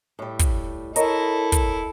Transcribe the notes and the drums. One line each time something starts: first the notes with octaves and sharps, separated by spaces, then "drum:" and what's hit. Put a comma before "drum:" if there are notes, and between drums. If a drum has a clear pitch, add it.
A2 G3
drum: kick, hi-hat
E4 A4 A#4 C#5 D#5, drum: hi-hat
drum: kick, hi-hat